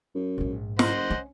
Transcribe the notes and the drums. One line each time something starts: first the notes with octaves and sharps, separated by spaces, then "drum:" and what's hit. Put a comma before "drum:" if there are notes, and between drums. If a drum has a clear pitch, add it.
F#2
A#1 G#2
F#1 C5 D#5 F#5, drum: snare
C#4